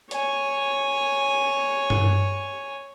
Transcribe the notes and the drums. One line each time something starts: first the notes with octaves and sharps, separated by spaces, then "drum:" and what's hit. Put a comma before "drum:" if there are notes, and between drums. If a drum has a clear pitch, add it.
C#5 G#5, drum: hi-hat
drum: tom G2